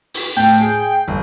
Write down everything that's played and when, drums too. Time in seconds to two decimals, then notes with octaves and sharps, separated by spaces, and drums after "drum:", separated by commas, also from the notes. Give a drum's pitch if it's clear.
0.14 drum: open hi-hat
0.37 A2 G5
0.61 G#4
1.08 G1